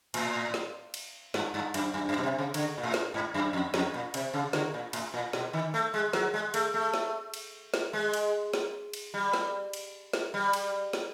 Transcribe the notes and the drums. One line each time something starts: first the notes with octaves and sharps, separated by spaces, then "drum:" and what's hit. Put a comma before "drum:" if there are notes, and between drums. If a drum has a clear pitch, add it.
A2, drum: cymbal
drum: snare
drum: cymbal
G2, drum: snare
G2
F#2, drum: cymbal
F#2
F#2
B2
C3
C#3
D3, drum: cymbal
A#2
A2
drum: snare
G#2
F#2
F2
F2, drum: snare
A#2
C3, drum: cymbal
C#3
D3, drum: snare
A#2
A2, drum: cymbal
A#2
B2, drum: snare
D#3
A3
G#3
F#3, drum: snare
G#3
A3, drum: cymbal
A3
drum: snare
drum: cymbal
drum: snare
G#3
drum: cymbal
drum: snare
drum: cymbal
G3
drum: snare
drum: cymbal
drum: snare
G3
drum: cymbal
drum: snare